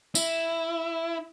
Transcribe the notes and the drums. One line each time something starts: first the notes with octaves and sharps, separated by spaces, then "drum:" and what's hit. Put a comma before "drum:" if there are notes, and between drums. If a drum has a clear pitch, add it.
E4, drum: tambourine